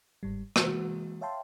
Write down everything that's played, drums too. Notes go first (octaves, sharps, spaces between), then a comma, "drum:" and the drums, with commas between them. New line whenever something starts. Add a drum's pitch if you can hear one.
G1 G#2 G3
E3 G#3 A#3 F#4, drum: rim click
C#5 E5 F5 G5 A5 C6